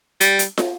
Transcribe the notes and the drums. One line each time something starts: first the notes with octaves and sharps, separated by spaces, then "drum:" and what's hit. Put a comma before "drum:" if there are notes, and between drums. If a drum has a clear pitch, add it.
G3, drum: hi-hat
drum: hi-hat
drum: snare